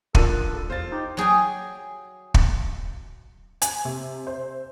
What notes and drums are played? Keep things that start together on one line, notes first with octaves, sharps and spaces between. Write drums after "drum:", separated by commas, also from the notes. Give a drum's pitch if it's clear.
A#3 D4 F4 A4 D#7, drum: kick
G#1 B3
A4
E2 F4 C5 A6
D#4 G4
F#3 G#4 G5 G#5
drum: kick
G#5, drum: hi-hat
C3
C5